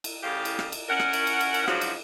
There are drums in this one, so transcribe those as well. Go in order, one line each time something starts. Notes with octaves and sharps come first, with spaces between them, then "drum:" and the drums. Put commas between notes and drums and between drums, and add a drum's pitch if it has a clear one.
drum: cymbal
A2 C#3 G4 F5
drum: cymbal
drum: rim click
drum: cymbal
C#4 A#4 F#5
drum: rim click
drum: cymbal
drum: cymbal
drum: cymbal
drum: cymbal
G#2 C#3 F3 F#3 D4 F#4, drum: rim click
drum: cymbal